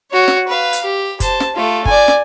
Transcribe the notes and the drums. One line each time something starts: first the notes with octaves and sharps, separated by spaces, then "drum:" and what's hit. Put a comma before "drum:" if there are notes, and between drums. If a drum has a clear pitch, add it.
F#4 C#5
drum: snare
B4 F5
drum: hi-hat
G4
C5 A5, drum: kick, hi-hat
drum: snare
A3 F4
D5 G#5, drum: kick
drum: snare